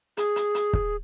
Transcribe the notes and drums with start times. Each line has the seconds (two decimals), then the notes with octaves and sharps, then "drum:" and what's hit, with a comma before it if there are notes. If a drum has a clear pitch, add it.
0.17 G#4, drum: hi-hat
0.36 drum: hi-hat
0.55 drum: hi-hat
0.73 drum: kick